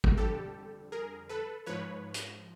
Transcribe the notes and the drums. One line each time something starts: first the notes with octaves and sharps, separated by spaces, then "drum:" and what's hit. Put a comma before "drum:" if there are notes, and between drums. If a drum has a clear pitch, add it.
drum: kick
F2 D3 G3 G4 A4
G#4 A#4
A4 B4
G#2 F3 B4 C#5
drum: hi-hat